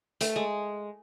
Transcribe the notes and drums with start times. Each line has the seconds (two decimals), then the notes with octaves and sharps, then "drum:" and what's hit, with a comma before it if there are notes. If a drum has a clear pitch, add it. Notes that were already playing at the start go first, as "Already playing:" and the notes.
0.21 A3, drum: hi-hat
0.36 G#3